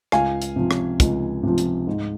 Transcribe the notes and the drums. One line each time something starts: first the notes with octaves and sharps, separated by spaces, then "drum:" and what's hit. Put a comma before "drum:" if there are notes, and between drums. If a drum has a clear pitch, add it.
C#2 F5 G#5, drum: rim click
drum: hi-hat
C3 F3
drum: rim click
C#2, drum: kick, hi-hat
C3 F3
drum: hi-hat
G#2